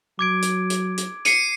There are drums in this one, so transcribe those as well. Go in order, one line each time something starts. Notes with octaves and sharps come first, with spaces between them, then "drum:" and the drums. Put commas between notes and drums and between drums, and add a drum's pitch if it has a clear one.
F#3 D6 G#6 D7
drum: hi-hat
drum: hi-hat
drum: hi-hat
C7 C#7 D#7, drum: hi-hat